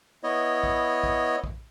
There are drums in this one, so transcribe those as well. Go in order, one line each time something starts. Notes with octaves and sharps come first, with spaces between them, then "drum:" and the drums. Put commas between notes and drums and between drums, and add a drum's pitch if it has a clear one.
B3 E4 C#5 D#5
drum: kick
drum: kick
drum: kick